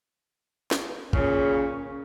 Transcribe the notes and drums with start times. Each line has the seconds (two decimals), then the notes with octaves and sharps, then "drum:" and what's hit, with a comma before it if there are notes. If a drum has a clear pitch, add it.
0.71 drum: snare
1.13 A#2 C#3 C#4, drum: kick